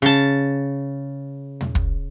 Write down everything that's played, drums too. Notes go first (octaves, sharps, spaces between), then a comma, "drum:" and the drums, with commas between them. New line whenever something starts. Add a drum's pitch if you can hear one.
C#3 A5
drum: tom
drum: kick